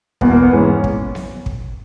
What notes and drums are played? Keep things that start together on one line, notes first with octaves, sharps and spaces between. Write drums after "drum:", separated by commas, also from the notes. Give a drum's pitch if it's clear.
E2 B2 A#3 B3, drum: kick
A#3
B3
G#2 E3 G#3 C#4
C#4
drum: kick
drum: snare B3
drum: kick